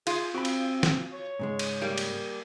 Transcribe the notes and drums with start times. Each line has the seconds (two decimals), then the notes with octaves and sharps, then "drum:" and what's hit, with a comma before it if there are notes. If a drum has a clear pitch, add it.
0.07 F4 G#4, drum: cymbal
0.34 C4 F#4 B5
0.45 drum: cymbal
0.83 drum: snare
1.13 C#5
1.39 G#2 C#3 G#3
1.59 drum: cymbal
1.82 G3 A#3
1.98 drum: cymbal